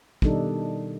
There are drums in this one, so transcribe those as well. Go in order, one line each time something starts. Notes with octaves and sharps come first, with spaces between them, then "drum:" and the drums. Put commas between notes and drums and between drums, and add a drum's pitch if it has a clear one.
B2 D#3 G3 D4 D#4 A4, drum: kick